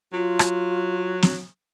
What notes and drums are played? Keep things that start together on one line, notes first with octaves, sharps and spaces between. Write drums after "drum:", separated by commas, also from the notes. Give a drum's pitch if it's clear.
F#3 F4
drum: rim click
drum: snare